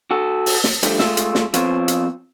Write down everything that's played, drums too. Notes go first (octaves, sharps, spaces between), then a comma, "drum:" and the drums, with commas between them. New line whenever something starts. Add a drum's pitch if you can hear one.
F#4 A4
drum: open hi-hat
drum: snare
G2 F3 G3 A3, drum: hi-hat
G#3 A3 F4 E5, drum: snare
drum: hi-hat
drum: snare
F3 B3 C4 F4 C5 C#5, drum: hi-hat
drum: hi-hat